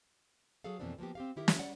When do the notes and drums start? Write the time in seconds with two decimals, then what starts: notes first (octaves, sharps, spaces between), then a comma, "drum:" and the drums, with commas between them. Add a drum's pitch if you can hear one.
0.64 F#3 G#4 A4 F5
0.80 F2 B2 E3 A#3 C4 D4
0.99 F3 A#3 B3 G4
1.15 C4 G4 F5
1.36 D#3 E4 G4 A#4
1.48 drum: snare
1.59 D5 F#5